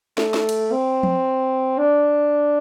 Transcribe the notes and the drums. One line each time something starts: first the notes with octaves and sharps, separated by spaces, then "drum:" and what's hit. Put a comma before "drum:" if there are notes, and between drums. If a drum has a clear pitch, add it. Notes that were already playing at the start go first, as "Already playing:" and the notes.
A3, drum: snare
drum: snare
drum: cymbal
C4
drum: tom F3
D4